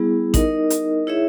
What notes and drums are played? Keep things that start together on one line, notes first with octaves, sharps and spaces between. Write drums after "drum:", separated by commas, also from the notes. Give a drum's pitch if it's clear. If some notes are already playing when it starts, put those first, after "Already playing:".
Already playing: G3 B3 E4 G#4
D#4 A#4 D#5, drum: kick A1, hi-hat
drum: hi-hat
E4 G#4 C#5 E5